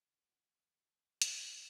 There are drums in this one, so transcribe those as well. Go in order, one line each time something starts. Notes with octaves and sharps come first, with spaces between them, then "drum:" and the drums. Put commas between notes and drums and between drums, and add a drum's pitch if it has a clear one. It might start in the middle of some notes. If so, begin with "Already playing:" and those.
F#1 E2 C#3 E3 F#4 F#5
drum: hi-hat
D5